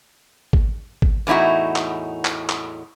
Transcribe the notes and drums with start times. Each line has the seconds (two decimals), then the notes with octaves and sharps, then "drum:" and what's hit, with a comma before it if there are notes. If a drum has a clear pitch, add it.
0.53 drum: kick G#1
1.02 drum: kick G#1
1.27 E2 A2 D#4 E4 F#4
1.76 drum: clap
2.25 drum: clap
2.49 drum: clap